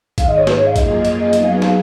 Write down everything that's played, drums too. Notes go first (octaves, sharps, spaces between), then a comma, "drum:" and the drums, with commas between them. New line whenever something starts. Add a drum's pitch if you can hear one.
G#2 D#3 G#3 F5, drum: kick A#1, hi-hat
D#5
C#5
B4, drum: snare
C#5
F5
F#2 F3 A#3 F4 G#4 D#5, drum: kick A#1, hi-hat
drum: hi-hat
D#5
F#3 B3 D#4 G#4 D#5, drum: hi-hat
F5
F5, drum: snare